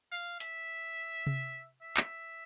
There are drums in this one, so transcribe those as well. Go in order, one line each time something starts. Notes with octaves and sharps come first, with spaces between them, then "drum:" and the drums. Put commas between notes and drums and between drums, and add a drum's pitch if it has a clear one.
F5
E5, drum: hi-hat
drum: tom C3
E5
drum: clap